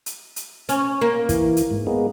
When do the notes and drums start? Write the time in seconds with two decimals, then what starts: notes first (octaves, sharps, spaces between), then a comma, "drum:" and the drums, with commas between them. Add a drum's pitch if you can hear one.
0.06 drum: hi-hat
0.36 drum: hi-hat
0.69 C#4, drum: hi-hat
1.01 A#3
1.29 E3, drum: kick, hi-hat
1.57 drum: hi-hat
1.71 G#2
1.87 G#3 A#3 B3